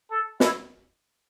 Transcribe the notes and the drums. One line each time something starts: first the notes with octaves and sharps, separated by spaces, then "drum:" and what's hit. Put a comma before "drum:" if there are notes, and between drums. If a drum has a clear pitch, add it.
A4
E4, drum: snare